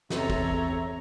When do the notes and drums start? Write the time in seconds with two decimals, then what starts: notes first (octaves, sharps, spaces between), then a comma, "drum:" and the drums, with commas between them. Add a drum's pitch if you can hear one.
0.10 E2 C3 A4 C#5 A#5, drum: snare
0.30 drum: kick